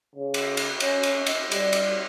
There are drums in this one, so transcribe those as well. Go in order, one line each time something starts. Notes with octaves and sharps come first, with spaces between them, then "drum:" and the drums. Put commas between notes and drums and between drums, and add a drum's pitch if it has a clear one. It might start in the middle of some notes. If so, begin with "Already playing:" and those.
C#3
drum: cymbal
drum: cymbal
C#4, drum: cymbal
drum: cymbal
drum: cymbal
G3, drum: cymbal
drum: cymbal